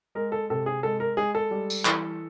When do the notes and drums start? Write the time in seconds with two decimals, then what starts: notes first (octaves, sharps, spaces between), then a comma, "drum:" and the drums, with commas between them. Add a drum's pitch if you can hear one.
0.15 G#3 A#4
0.32 A4
0.50 C3 A4
0.66 G#4
0.83 G#3 A4
1.00 A#4
1.17 G#3 G#4
1.35 A4
1.51 G3
1.70 drum: tambourine
1.85 E3, drum: clap